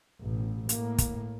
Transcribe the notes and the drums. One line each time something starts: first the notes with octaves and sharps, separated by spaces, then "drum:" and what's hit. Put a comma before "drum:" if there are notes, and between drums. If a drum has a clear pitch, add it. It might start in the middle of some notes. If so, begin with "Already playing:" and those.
A1 B2
A2 A#3, drum: hi-hat
drum: kick, hi-hat